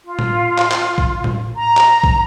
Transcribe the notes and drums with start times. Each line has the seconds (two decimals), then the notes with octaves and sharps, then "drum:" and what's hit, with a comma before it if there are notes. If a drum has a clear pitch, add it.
0.05 F4
0.19 drum: tom A2
0.58 drum: clap
0.71 drum: clap
0.98 drum: kick A#1
1.24 drum: tom A2
1.57 A#5
1.77 drum: clap
2.04 drum: kick A#1